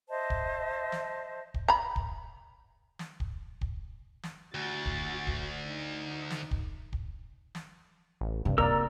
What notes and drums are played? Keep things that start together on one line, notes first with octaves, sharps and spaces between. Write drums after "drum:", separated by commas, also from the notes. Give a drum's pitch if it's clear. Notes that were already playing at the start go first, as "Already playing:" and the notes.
C5 D#5 E5 A5
drum: kick
drum: snare
drum: kick
A#5 B5
drum: kick
drum: snare
drum: kick
drum: kick
drum: snare
D2 F#4 A6
drum: kick
drum: kick
D#4
drum: snare
drum: kick
drum: kick
drum: snare
A1
G2 C3
A#3 A#4 D5 A#5 E6, drum: kick